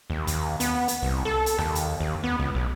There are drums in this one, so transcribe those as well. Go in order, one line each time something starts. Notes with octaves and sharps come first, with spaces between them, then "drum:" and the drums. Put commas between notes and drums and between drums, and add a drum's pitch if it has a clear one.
D#2
D#2, drum: hi-hat
B3, drum: hi-hat
drum: hi-hat
C2
A4
drum: hi-hat
D#2, drum: rim click
drum: hi-hat
D#2
B3
C#2
B1